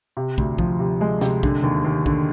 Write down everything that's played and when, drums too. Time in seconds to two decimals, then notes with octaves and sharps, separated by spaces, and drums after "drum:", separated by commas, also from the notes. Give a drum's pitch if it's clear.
0.17 C3
0.38 D2, drum: kick
0.58 F3, drum: kick
0.80 C3
1.01 G#3
1.21 C3, drum: snare
1.43 D3, drum: kick
1.63 D#2
1.85 D#2
2.06 D3, drum: kick